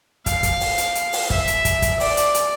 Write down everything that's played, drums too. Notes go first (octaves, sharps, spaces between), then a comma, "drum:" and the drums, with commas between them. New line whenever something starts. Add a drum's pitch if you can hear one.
F5, drum: kick, hi-hat
drum: kick, hi-hat
drum: open hi-hat
drum: hi-hat
drum: hi-hat
drum: open hi-hat
E5, drum: kick
drum: hi-hat
drum: kick, hi-hat
drum: kick, hi-hat
D5, drum: open hi-hat
drum: hi-hat
drum: hi-hat